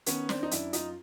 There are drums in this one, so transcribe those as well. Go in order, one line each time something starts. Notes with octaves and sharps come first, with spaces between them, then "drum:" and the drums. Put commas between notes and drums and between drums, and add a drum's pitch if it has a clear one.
D#3 B3 C#4, drum: hi-hat
C4 D4, drum: snare
D#4
F#2 D4 E4, drum: hi-hat
D#4 F4, drum: hi-hat